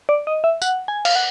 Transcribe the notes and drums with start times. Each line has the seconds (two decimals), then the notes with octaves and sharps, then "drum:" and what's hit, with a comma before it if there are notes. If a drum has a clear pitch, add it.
0.09 D5
0.27 D#5
0.44 E5
0.62 F#5, drum: tambourine
0.88 G#5
1.05 F5, drum: cymbal
1.16 F#5